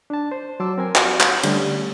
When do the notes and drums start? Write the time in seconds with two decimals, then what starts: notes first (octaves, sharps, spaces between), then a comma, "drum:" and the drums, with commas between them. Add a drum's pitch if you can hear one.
0.10 D4 A5
0.32 C5
0.60 F#3 A5 C6 D6 E6
0.78 C4 A#4 G#5
0.95 F#4, drum: clap
1.20 drum: clap
1.44 D3 G3 A3 C#4, drum: cymbal